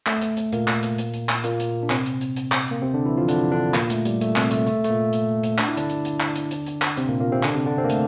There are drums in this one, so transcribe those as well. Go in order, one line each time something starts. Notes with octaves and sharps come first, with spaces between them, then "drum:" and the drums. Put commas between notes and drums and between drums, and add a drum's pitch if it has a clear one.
A3, drum: clap
drum: hi-hat
drum: hi-hat
A#2 A#3, drum: hi-hat
drum: clap
drum: hi-hat
drum: hi-hat
drum: hi-hat
drum: clap
A#2 A#3, drum: hi-hat
drum: hi-hat
D4
C3 C4, drum: clap
drum: hi-hat
drum: hi-hat
drum: hi-hat
drum: clap
A#3
C3 C4
D3 D4
E3 E4
F3 F4
D3 D4, drum: hi-hat
D3 D4
A#2 A#3, drum: clap
A3, drum: hi-hat
G3, drum: hi-hat
A3, drum: hi-hat
C3 C4, drum: clap
A3, drum: hi-hat
A3, drum: hi-hat
A3, drum: hi-hat
A#2 A#3
drum: hi-hat
drum: hi-hat
D4, drum: clap
E4
D3 D4, drum: hi-hat
drum: hi-hat
drum: hi-hat
drum: clap
drum: hi-hat
drum: hi-hat
drum: hi-hat
drum: clap
C3 C4, drum: hi-hat
A#2 A#3
A#2 A#3
C3 C4
D3 D4, drum: clap
C3 C4
D3 D4
C3 C4
A#3
A3, drum: hi-hat